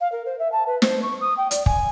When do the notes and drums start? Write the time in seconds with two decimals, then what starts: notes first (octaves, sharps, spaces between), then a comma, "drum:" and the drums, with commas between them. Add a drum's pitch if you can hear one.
0.01 F5
0.12 A#4
0.26 C5
0.39 E5
0.52 A5
0.67 B4
0.82 C5, drum: snare
1.03 C#6
1.21 D#6
1.37 G5
1.51 D5, drum: hi-hat
1.66 G#5, drum: kick